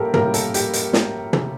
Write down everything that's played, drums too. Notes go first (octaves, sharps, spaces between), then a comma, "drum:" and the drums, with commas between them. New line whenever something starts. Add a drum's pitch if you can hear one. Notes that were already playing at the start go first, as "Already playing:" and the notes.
Already playing: A2 G3 A#3 G4 A4 A#4
A2 G3 A#3 A#4, drum: tom
A4, drum: hi-hat
G4, drum: hi-hat
drum: hi-hat
drum: snare
drum: tom